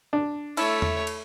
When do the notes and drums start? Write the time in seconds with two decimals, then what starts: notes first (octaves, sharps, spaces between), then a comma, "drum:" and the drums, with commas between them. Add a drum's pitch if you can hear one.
0.13 D4
0.57 A3 E4 A4 C#5, drum: cymbal
0.82 drum: tom E2
1.07 drum: cymbal